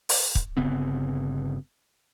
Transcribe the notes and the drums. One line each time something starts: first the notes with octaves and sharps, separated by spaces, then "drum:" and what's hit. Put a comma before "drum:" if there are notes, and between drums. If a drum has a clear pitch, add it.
drum: open hi-hat
drum: kick
G1 C#3 B3 C4